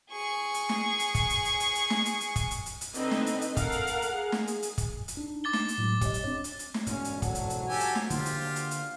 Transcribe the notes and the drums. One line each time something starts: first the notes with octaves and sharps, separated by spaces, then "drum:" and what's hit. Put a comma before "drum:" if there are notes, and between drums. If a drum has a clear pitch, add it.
G#4 C#6
drum: hi-hat
drum: snare
drum: hi-hat
drum: kick, hi-hat
drum: hi-hat
drum: hi-hat
drum: hi-hat
drum: hi-hat
drum: snare
drum: hi-hat
drum: hi-hat
drum: kick, hi-hat
drum: hi-hat
drum: hi-hat
drum: hi-hat
D3 C4 D#4 B4 D#5, drum: hi-hat
drum: snare
drum: hi-hat
drum: hi-hat
A4 A#4 F5 F#5, drum: kick, hi-hat
drum: hi-hat
drum: hi-hat
drum: hi-hat
G#4
drum: snare
drum: hi-hat
drum: hi-hat
drum: kick, hi-hat
drum: hi-hat
D4 D#4
D6 A6 G7
drum: snare
drum: hi-hat
A2 F#3 G#3
G4 C#5 D#5, drum: kick, hi-hat
drum: hi-hat
C4 D4 C#5
drum: hi-hat
drum: hi-hat
drum: snare
E1 G#2 B2 C#4, drum: hi-hat
drum: hi-hat
F#3 A4 C5, drum: kick, hi-hat
drum: hi-hat
drum: hi-hat
F3 D4 G4 A4 G#5
drum: hi-hat
drum: snare
D3 A#3 F4 G4, drum: hi-hat
drum: hi-hat
F5
drum: hi-hat
drum: hi-hat